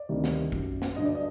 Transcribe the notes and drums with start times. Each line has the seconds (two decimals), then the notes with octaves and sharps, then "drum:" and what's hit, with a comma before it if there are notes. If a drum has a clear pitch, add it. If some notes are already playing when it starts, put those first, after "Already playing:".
Already playing: D5
0.09 D2 C3 D#3 G3
0.24 drum: snare
0.52 F#2 F#3, drum: kick
0.82 drum: snare
0.96 G2 D3 F#3 D#5
1.05 D5
1.15 D#5